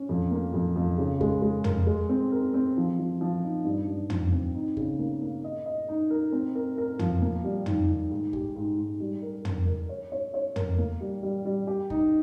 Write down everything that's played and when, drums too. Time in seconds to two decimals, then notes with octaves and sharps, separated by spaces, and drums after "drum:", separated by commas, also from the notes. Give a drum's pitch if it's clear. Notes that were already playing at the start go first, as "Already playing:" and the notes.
Already playing: C#4
0.09 F2
0.31 A#3
0.54 F2
0.76 F2
0.98 C#3
1.21 G#3, drum: kick G1
1.42 G#3
1.64 A#4, drum: tom
1.87 G#3
2.09 C4
2.32 A#4
2.54 C4
2.77 F3
2.99 F3
3.21 F3
3.43 D#4
3.65 G2
3.87 G2
4.10 F3, drum: tom
4.32 C4
4.54 D#4
4.77 C#3, drum: kick G1
4.99 A#3
5.22 A#3
5.44 D#5
5.66 D#5
5.88 D#4
6.11 A#4
6.32 C4
6.55 A#4
6.78 A#4
6.99 F3, drum: tom
7.22 A#3
7.44 G3
7.66 D#3, drum: tom
7.89 D#3
8.11 G#2
8.33 G4, drum: kick G1
8.56 G#2
8.78 G#2
9.00 G3
9.22 A#4
9.45 A#4, drum: tom
9.67 A#4
9.89 C#5
10.12 C#5
10.34 C#5
10.56 A#4, drum: tom
10.78 A#3
11.00 G3
11.23 G3
11.45 G3
11.67 G4
11.90 D#4, drum: kick G1